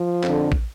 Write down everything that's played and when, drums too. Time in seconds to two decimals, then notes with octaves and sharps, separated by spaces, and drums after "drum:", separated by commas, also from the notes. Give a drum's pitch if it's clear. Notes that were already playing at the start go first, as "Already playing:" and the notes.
Already playing: F3
0.23 F2 D3, drum: clap
0.52 drum: kick